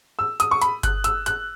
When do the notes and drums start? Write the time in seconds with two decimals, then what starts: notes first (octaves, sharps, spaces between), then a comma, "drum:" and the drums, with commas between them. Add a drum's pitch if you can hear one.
0.19 E6
0.40 D#6, drum: hi-hat
0.51 C#6
0.62 B5, drum: hi-hat
0.83 F#6, drum: kick G1, hi-hat
1.04 E6, drum: hi-hat
1.26 F#6, drum: hi-hat